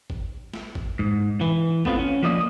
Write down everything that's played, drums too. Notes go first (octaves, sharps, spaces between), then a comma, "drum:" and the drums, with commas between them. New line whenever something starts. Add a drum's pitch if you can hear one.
drum: kick
drum: snare
drum: kick
G#2
E3
A3 B3 C4 D4 F4, drum: kick
C#4
F3 A#3 F4 D5 D#5